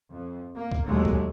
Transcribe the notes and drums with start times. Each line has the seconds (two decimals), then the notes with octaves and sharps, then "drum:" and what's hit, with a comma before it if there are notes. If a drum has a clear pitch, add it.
0.12 F2
0.55 A#3
0.72 drum: kick C#2
0.86 D#2 A#2 D3 F#3 G#3 A3
1.05 drum: kick C#2